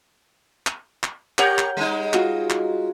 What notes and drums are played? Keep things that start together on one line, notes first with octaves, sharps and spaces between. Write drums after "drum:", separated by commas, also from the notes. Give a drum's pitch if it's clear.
drum: clap
drum: clap
G4 A#4 C#5 F#5 G6, drum: clap
drum: clap
G3 G#3 D#4
F4 F#4, drum: clap
drum: clap